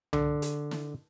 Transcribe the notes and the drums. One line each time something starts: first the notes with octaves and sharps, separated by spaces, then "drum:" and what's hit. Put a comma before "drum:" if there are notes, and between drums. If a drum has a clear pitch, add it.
D3, drum: tom C2
drum: hi-hat
drum: snare